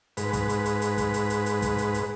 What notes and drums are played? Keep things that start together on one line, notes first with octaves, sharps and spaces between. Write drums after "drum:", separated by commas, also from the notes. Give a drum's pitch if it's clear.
G#2 B4, drum: hi-hat
drum: kick, hi-hat
drum: hi-hat
drum: hi-hat
drum: hi-hat
drum: kick, hi-hat
drum: hi-hat
drum: hi-hat
drum: hi-hat
drum: kick, hi-hat
drum: hi-hat
drum: hi-hat